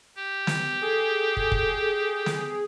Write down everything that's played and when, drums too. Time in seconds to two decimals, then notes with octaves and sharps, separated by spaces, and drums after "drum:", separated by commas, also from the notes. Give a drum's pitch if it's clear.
0.17 G4
0.47 drum: snare
0.82 G#4 A4
1.37 drum: kick
1.52 drum: kick
2.26 drum: snare